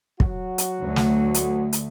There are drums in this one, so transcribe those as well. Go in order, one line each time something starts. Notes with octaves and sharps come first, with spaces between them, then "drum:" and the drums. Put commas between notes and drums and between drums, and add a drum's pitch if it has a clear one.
F#3 F#4, drum: kick
drum: hi-hat
D2
drum: snare
drum: hi-hat
drum: hi-hat